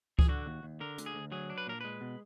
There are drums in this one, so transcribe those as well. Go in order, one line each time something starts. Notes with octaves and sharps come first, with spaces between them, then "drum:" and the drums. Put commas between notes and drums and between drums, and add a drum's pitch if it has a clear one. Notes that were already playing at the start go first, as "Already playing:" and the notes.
G#4, drum: kick C#2
D3 F#4
D#2
D#2
D3 A#4
D2, drum: hi-hat
G#4
D2
F#3 G#4
D4
B4
A#2 A#4
G#3 B4
B2